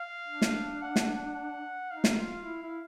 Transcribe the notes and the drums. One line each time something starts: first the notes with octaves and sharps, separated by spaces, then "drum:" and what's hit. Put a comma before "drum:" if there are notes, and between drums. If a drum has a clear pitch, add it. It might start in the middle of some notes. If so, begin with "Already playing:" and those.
Already playing: F5
D4
drum: snare
F#5
drum: snare
D#4 F5
drum: snare
F4
E4
E4